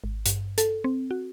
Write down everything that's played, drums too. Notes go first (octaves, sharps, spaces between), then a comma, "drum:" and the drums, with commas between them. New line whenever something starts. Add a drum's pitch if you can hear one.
G#1
G2, drum: hi-hat
A4, drum: hi-hat
C4
F#4